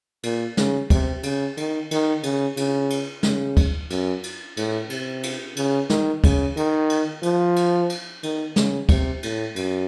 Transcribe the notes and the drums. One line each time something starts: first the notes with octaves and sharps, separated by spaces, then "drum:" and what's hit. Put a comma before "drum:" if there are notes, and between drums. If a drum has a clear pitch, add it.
A#2, drum: cymbal
C#3, drum: snare
C3, drum: kick, cymbal
C#3, drum: cymbal
D#3, drum: cymbal
D#3, drum: cymbal
C#3, drum: cymbal
C#3, drum: cymbal
drum: cymbal
C#3, drum: snare
drum: kick, cymbal
F#2, drum: cymbal
drum: cymbal
A2, drum: cymbal
C3, drum: cymbal
drum: cymbal
C#3, drum: cymbal
D#3, drum: snare
C#3, drum: kick, cymbal
D#3, drum: cymbal
drum: cymbal
F3, drum: cymbal
drum: cymbal
drum: cymbal
D#3, drum: cymbal
C#3, drum: snare
C3, drum: kick, cymbal
A2, drum: cymbal
F#2, drum: cymbal